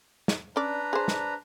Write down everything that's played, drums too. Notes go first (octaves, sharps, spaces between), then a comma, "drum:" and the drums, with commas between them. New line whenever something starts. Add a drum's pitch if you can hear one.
drum: snare
C#4 D4 B4 D5 A#5
G#4 C5
drum: snare